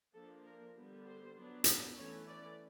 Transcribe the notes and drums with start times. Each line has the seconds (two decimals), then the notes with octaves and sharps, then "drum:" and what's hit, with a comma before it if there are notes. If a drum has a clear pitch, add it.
0.14 F3 A#3 D4 A4
0.44 A#4
0.76 D3 G3 B3
1.05 C5
1.35 F#3 B3 D4
1.64 drum: hi-hat
1.96 E3 A3 C#4 C#5
2.27 D5